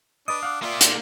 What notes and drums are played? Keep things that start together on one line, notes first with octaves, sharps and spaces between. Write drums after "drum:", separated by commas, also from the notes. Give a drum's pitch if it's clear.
D4 B4 D5 D#5 D#6
F5 F#5 D6
A#3 F4 D5 E5 G5
drum: hi-hat